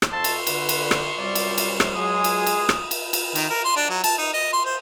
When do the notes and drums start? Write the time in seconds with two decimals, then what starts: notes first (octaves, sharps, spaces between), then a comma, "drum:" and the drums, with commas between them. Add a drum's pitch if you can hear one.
0.02 drum: rim click
0.12 F2 A5 C6 C#6 E6
0.24 drum: cymbal
0.47 D3 B4, drum: cymbal
0.69 drum: cymbal
0.91 drum: rim click
1.18 F#2 C3 G3 D5
1.35 drum: cymbal
1.58 drum: cymbal
1.80 drum: rim click
1.96 F#3 G#3 G#4 D#6
2.24 drum: cymbal
2.47 drum: cymbal
2.69 drum: rim click
2.91 drum: cymbal
3.13 drum: cymbal
3.35 D#3, drum: cymbal
3.50 A#4
3.65 C6
3.76 D4
3.90 F#3
4.04 A5, drum: cymbal
4.18 D#4
4.34 D#5
4.53 C6
4.65 C5